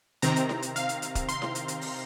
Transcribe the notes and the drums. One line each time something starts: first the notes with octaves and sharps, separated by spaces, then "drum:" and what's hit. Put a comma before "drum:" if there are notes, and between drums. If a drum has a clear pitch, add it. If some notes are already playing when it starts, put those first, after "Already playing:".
C3 D#3 C4 A#5, drum: hi-hat
drum: hi-hat
drum: snare E4
drum: hi-hat
F5, drum: hi-hat
drum: hi-hat
drum: hi-hat
drum: kick D#1, hi-hat
C6, drum: hi-hat
drum: snare E4
drum: hi-hat
drum: hi-hat
drum: open hi-hat